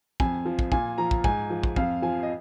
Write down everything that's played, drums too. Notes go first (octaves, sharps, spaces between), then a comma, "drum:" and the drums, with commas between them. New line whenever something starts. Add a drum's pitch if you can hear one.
F2 G#5, drum: kick
F3
drum: kick
A#2 G#5, drum: kick
F3 A#5
drum: kick
G#2 G#5, drum: kick
F3
drum: kick
F2 F5, drum: kick
F3 G#5
D#5